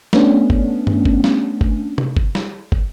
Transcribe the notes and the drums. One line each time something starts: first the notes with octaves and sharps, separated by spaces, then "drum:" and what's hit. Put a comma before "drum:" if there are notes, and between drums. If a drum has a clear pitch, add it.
A3 B3 C#4 D4, drum: snare
drum: kick
drum: tom G2
drum: kick
drum: snare
drum: kick
drum: tom C3
drum: kick
drum: snare
drum: kick